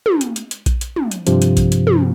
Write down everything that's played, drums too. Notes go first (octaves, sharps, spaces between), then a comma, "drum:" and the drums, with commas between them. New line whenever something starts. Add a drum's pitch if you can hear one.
drum: tom
drum: hi-hat
drum: hi-hat
drum: hi-hat
drum: kick A#1, hi-hat
drum: hi-hat
drum: tom
drum: hi-hat
G2 C3 F3, drum: hi-hat
drum: hi-hat
drum: kick A#1, hi-hat
drum: hi-hat
drum: tom